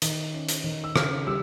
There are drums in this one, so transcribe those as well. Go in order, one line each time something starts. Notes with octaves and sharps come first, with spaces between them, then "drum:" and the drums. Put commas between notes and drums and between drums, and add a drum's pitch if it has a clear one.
D#3, drum: hi-hat
C#4
drum: hi-hat
D#3
E6
C#3 F6, drum: rim click
G3 E6